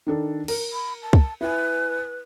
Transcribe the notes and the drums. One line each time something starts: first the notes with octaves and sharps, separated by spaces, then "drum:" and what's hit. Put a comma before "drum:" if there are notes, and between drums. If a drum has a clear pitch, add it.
D#3 D4 A4
A#4, drum: cymbal
B5
A5
drum: kick
E4 B4 G#5